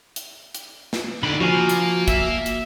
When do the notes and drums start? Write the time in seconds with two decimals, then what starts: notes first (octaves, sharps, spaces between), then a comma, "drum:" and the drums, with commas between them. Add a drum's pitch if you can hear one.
0.16 drum: hi-hat
0.55 drum: hi-hat
0.93 drum: snare
1.23 D#2 D3 D#4 D5 B5
1.41 F3 A#3 F#4 F5 G#5
1.69 drum: hi-hat
2.08 E5, drum: kick, hi-hat
2.46 drum: hi-hat